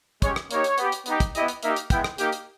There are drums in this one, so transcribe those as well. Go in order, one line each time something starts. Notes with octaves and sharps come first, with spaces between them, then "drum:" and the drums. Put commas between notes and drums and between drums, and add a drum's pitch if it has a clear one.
G#3 C#4 G4 C#5, drum: kick, hi-hat
drum: rim click
A#3 D#4 G4 C#5, drum: hi-hat
drum: hi-hat
B3 G4, drum: hi-hat
drum: hi-hat
B3 D#4 G4, drum: hi-hat
drum: kick, hi-hat
B3 E4 G4 D#5, drum: hi-hat
drum: hi-hat
A#3 D#4 G4 E5, drum: hi-hat
drum: hi-hat
G#3 B3 E4 G5, drum: kick, hi-hat
drum: rim click
A#3 D#4 G4, drum: hi-hat
drum: hi-hat